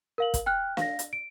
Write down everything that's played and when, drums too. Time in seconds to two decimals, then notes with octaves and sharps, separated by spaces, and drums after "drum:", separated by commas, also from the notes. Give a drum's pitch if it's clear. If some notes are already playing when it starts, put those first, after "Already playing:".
0.18 A#4 F5 F#7
0.34 drum: kick, hi-hat
0.46 G5 F6 F#6
0.77 F5 A#6, drum: snare
0.99 drum: hi-hat
1.13 D7